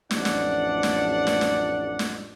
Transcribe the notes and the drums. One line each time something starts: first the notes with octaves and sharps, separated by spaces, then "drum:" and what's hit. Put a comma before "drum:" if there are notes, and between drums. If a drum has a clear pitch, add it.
A1 F2 D4 D5 F#5, drum: snare
drum: snare
drum: snare
drum: snare
drum: snare
drum: snare